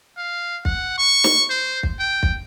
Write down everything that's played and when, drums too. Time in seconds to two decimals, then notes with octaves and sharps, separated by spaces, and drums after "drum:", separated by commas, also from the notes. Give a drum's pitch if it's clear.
0.18 F5
0.65 F#5, drum: kick
0.98 C#6
1.24 drum: snare
1.50 C5
1.83 drum: kick
1.99 G5
2.23 drum: kick